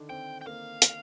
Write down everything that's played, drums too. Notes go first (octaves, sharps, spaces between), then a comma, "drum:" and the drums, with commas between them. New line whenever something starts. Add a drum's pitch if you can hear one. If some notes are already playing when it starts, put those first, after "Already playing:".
Already playing: D3 D#3 D4
C4 G5
G5
A#3 F5
drum: hi-hat